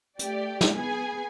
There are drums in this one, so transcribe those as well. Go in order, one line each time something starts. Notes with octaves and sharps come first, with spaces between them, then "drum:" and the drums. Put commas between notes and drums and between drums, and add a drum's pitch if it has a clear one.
A3 G4 D5, drum: hi-hat
drum: snare
B3 G#4 G#5